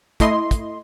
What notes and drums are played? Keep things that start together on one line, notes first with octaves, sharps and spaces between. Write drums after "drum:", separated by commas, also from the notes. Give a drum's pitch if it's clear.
A3 E4 D#5 C6, drum: kick, hi-hat
drum: kick, hi-hat